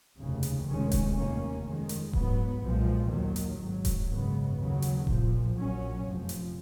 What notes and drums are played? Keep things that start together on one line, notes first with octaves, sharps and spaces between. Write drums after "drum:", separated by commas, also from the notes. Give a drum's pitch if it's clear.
F1 D#2 C#3
drum: hi-hat
F1 D#2 D#3 G#3 C#4
drum: kick D#1, hi-hat
F1 D#2 D#3 A#3 C#4
F2 D#3 G#3
drum: hi-hat
G#2 F#3 B3, drum: kick D#1
B1 A#2 F3 G#3
D#2 D#3 F#3
drum: hi-hat
G#1 G#2 F#3
drum: kick D#1, hi-hat
G#1 F#2 C#3 G#3 B3
D#2 C#3 F#3
drum: hi-hat
A#1 A#2 F3, drum: kick D#1
A#1 A#2 F#3 C#4
F1 F2 F3
drum: hi-hat